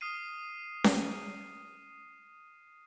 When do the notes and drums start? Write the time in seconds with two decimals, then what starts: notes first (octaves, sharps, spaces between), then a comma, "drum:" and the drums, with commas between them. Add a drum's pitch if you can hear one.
0.01 D#6 F6 C7 D#7
0.84 drum: snare C#4